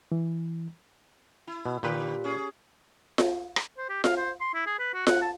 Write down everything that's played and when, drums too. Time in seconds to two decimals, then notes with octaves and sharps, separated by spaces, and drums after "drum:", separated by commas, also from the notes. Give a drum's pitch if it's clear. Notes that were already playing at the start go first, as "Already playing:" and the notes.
0.12 E3
1.47 E4
1.66 B2
1.83 A#2 D3 G4 B4
2.24 C#4 G#4
3.18 drum: snare F4
3.56 drum: rim click
3.78 C5
3.89 G4
4.04 F5, drum: snare F4
4.17 C5
4.41 C6
4.54 E4
4.67 G#4
4.79 B4
4.94 F#4
5.07 F#5, drum: snare F4
5.22 A5